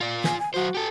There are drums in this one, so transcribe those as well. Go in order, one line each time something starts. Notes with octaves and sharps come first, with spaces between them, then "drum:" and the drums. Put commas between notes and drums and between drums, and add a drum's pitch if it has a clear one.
F4 D5
G#5, drum: snare
G#5
F#3 F#4 C5
G4 A4